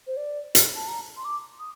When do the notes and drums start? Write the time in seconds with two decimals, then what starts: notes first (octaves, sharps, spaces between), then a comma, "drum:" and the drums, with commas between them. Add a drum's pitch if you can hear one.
0.07 C5
0.17 D5
0.55 drum: hi-hat
0.76 A5
0.88 A#5
1.17 C6
1.25 D6
1.59 D#6